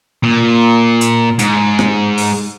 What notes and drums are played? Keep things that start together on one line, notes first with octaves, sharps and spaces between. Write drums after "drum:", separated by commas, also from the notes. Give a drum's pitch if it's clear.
A#2
drum: hi-hat
G#2, drum: hi-hat
drum: rim click
drum: open hi-hat